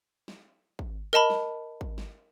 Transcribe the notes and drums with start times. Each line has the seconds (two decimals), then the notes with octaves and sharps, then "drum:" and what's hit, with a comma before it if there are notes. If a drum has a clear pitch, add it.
0.28 drum: snare
0.79 drum: kick G#1
1.13 A#4 D#5 A5 B5
1.30 drum: snare
1.81 drum: kick G#1
1.98 drum: snare